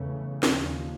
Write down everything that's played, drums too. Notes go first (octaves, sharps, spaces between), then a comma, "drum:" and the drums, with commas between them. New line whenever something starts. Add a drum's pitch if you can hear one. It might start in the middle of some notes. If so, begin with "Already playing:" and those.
Already playing: E2 C#3 E3 A3 C#4
D#2 C#3 F3, drum: snare